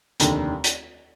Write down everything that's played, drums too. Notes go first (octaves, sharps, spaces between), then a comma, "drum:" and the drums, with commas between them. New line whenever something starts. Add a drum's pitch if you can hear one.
F1 D#2 D3, drum: hi-hat
drum: hi-hat